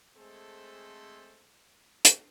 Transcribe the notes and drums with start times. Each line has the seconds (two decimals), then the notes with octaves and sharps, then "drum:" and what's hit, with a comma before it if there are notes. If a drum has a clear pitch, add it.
0.16 G#3 A3 C4 G#4 A4 C5
2.05 drum: hi-hat